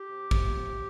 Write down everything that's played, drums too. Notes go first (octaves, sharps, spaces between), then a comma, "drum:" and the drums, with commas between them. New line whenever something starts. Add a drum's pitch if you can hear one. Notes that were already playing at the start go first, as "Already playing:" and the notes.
Already playing: G4
C3
F3, drum: kick
C3